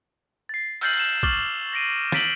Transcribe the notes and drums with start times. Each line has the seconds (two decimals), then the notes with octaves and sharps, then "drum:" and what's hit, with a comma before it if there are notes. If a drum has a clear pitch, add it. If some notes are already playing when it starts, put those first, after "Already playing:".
0.49 A6 C7
0.81 E6 F6 G6 A6 C7 F#7, drum: cymbal
0.99 E7
1.23 C#6 D6 F6 A6 F#7 G7, drum: kick
1.73 A6 A#6 C7 D7 D#7 F#7
2.12 F6 A6 B6 D7 F#7 G7, drum: snare